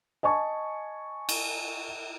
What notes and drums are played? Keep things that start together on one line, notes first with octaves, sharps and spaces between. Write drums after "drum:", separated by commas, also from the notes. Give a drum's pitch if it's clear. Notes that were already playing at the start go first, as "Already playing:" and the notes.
D#5 G#5 A5 C#6
drum: cymbal